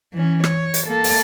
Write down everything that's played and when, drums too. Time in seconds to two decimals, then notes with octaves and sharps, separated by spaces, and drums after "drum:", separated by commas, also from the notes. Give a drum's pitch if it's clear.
0.13 E3 C#4
0.44 C#5, drum: rim click
0.74 drum: hi-hat
0.87 A#3 A4
1.04 drum: open hi-hat